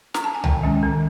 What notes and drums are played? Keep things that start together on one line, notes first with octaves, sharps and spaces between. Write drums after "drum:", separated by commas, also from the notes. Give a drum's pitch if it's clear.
A#5, drum: snare
A5
G#5
D#3 G5, drum: tom C2
G#3 C#4
D#3